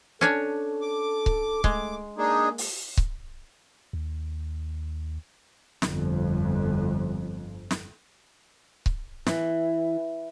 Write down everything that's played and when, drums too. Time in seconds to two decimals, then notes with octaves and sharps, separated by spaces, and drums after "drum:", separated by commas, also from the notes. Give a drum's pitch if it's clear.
0.21 C#4 D4 A4 C#5
0.82 D6
1.26 drum: kick C#1
1.64 G#3 A3, drum: kick C#1
2.18 A#3 D4 D#4 G#4
2.58 drum: open hi-hat
2.97 drum: kick C#1
3.93 D#2
5.82 G1 F2, drum: snare
7.71 drum: snare
8.86 drum: kick C#1
9.26 E3, drum: snare